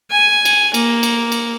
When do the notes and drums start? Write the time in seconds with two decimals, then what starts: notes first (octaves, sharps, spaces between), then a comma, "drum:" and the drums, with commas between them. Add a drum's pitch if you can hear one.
0.11 G#5
0.45 drum: cymbal
0.74 A#3, drum: cymbal
1.03 drum: cymbal
1.32 drum: cymbal